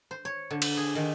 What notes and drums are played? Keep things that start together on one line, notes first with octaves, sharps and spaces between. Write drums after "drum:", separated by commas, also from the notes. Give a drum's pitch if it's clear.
C5
C#5
D3
drum: cymbal
G#4
D#3